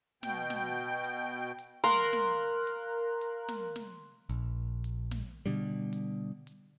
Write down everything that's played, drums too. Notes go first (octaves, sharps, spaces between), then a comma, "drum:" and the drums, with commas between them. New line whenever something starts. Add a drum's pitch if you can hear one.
B2 G5, drum: snare
drum: snare
drum: hi-hat
drum: hi-hat
A#4 F5 C6 F#6, drum: snare
drum: snare
drum: hi-hat
drum: hi-hat
drum: snare
drum: snare
A#1, drum: hi-hat
drum: hi-hat
drum: snare
B2 D3 G3
drum: hi-hat
drum: hi-hat